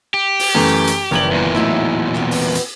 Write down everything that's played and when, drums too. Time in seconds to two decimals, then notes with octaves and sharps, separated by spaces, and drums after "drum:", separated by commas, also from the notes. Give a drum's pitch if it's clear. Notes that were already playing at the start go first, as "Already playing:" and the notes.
0.14 G4
0.39 drum: open hi-hat
0.55 F#2 E3 A3
0.87 drum: hi-hat
1.11 F#1 D#3 E3 G3 G#6 F#7
1.31 E2 A#2
1.55 A2 F#3 D#4 E4
2.14 B2 B3 C4
2.31 drum: open hi-hat
2.55 drum: hi-hat